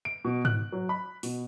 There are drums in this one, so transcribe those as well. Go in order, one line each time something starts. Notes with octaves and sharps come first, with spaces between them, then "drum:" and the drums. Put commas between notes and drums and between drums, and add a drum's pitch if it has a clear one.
D7
B2
F#6, drum: tom G#2
F#3
B5
B2, drum: open hi-hat